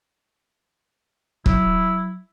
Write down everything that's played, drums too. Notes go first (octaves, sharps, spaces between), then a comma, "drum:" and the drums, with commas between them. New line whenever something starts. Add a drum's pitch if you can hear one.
F#3 E4, drum: kick